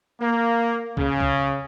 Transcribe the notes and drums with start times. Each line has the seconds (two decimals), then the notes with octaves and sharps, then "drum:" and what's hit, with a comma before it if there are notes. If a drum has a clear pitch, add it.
0.20 A#3
0.97 C#3, drum: kick
1.20 drum: kick